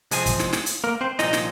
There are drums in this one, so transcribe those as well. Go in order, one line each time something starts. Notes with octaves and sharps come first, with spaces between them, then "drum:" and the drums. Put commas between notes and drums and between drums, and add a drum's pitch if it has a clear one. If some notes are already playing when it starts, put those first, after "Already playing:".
C3 F3 G#3 C4 G#4 G#5, drum: hi-hat
drum: kick, hi-hat
drum: snare
drum: snare
drum: hi-hat
A#3 A#4
C4 C5
C2 A#2 F3 G#3 D#4 D#5, drum: snare
drum: snare